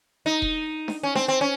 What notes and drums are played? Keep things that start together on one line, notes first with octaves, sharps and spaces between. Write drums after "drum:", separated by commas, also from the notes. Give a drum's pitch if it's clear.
D#4
drum: kick E1
drum: snare D4
C#4
C4, drum: snare D4
C4
C#4